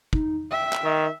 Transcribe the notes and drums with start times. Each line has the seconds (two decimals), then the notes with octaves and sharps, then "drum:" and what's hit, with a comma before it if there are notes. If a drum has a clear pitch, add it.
0.13 D#4, drum: kick
0.51 E5 G5
0.73 drum: clap
0.84 D#3